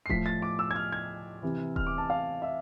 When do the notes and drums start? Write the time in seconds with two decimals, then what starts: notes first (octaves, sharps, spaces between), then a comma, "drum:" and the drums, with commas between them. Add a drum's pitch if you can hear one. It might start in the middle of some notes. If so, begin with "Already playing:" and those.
0.06 C7
0.09 A2 F3 B6, drum: kick D#1
0.26 A6
0.42 D6
0.59 E6
0.71 G#6
0.76 F6
0.92 G#6
1.43 C3 E3
1.76 F6, drum: kick D#1
1.87 D6
1.98 A5
2.10 F5
2.42 E5